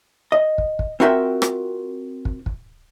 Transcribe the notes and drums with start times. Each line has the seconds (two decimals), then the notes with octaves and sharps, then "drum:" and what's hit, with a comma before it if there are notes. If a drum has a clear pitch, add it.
0.32 D#5
0.58 drum: kick
0.79 drum: kick
1.00 C4 F4 F#4 A#4 E5 G5
1.42 drum: rim click
2.25 drum: kick
2.46 drum: kick